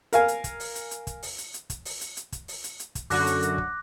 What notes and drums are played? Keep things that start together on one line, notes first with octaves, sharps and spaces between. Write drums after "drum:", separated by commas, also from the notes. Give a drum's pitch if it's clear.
A#4 F5 G#5, drum: hi-hat
drum: hi-hat
drum: kick, hi-hat
drum: open hi-hat
drum: hi-hat
drum: hi-hat
drum: kick, hi-hat
drum: open hi-hat
drum: hi-hat
drum: hi-hat
drum: kick, hi-hat
drum: open hi-hat
drum: hi-hat
drum: hi-hat
drum: kick, hi-hat
drum: open hi-hat
drum: hi-hat
drum: hi-hat
drum: kick, hi-hat
F#2 D3 F#4 D6 F#6 A#6, drum: open hi-hat
drum: hi-hat
drum: hi-hat
drum: kick